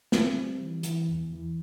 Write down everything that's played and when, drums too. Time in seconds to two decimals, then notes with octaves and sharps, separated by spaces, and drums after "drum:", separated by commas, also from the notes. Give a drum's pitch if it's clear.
0.12 C4, drum: snare
0.36 G3
0.60 E3
0.83 E3, drum: hi-hat
1.08 E2
1.33 E3